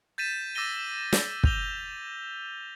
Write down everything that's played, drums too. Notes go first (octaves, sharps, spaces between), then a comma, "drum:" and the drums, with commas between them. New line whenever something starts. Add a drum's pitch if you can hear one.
G6 A6 B6 D#7 E7
D6 E6 A6 A#6 D#7 G7
drum: snare
G6 F7 G7, drum: kick